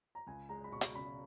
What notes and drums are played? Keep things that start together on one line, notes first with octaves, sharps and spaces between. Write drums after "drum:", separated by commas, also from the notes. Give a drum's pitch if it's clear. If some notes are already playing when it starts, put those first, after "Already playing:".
A#5
C#2 G#5
G#3 A#5
B5
B2 C#6
drum: hi-hat
C#3 B5